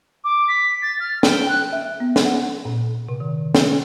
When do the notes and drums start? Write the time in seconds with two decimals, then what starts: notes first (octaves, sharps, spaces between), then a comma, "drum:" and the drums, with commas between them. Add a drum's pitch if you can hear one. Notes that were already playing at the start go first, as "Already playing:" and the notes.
0.24 D6
0.48 B6
0.82 A6
1.00 F6
1.23 G5, drum: snare
1.49 F#6
1.72 E5
2.00 B3
2.16 drum: snare
2.25 F#5
2.65 A#2
3.09 C3
3.20 D#3
3.55 C#4, drum: snare